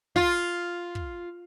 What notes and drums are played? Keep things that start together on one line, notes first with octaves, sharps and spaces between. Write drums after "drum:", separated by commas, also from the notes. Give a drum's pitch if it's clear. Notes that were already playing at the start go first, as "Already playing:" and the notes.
F4, drum: kick
drum: kick